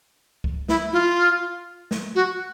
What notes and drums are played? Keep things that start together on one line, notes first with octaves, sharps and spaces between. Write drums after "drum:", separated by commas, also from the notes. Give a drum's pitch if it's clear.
drum: kick C#2
E4, drum: snare
F4
drum: snare
F#4